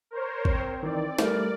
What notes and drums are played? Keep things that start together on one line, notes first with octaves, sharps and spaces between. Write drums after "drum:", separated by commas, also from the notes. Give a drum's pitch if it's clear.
A#4 C5 C#5
C4, drum: kick G#1
D#3 E3 D#4 D5
G3 A3 A#4, drum: snare